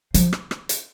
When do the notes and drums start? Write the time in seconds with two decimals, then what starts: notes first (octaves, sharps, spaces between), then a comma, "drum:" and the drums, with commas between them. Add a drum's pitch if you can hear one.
0.14 F3, drum: hi-hat
0.33 drum: rim click
0.51 drum: rim click
0.69 drum: hi-hat